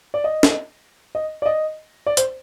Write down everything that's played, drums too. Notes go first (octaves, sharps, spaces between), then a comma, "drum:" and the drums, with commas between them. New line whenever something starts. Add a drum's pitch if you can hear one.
D5
D#5
drum: snare
D#5
D5
D#5
D5
C5, drum: hi-hat